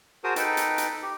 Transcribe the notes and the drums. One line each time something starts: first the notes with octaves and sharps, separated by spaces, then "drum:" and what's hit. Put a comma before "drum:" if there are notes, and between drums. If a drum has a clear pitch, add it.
F#4 G#4 A#4 C5 A5 D#6
D#4 A4 B4 G5, drum: hi-hat
drum: hi-hat
drum: hi-hat
G4